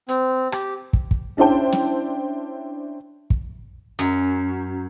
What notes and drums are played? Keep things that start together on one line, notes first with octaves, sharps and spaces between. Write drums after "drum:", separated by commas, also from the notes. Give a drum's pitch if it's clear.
C4, drum: hi-hat
G4, drum: rim click
drum: kick
drum: kick
C#4 D4 E4 C5 G5
drum: snare
drum: kick
F#2, drum: hi-hat